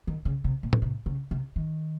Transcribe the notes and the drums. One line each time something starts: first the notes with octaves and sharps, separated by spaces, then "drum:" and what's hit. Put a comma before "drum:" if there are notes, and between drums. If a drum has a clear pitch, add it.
D#3
C#3
C3
A#2
drum: tom A2
C3
C#3
C3
D#3